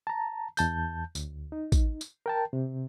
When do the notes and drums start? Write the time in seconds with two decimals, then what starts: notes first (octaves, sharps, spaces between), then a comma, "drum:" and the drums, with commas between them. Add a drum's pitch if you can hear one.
0.07 A5 A#5
0.57 E2 A5 G6, drum: tambourine
1.15 D2, drum: tambourine
1.52 D#4
1.72 drum: kick, tambourine
2.01 drum: tambourine
2.26 A#4 G5 A5
2.53 C3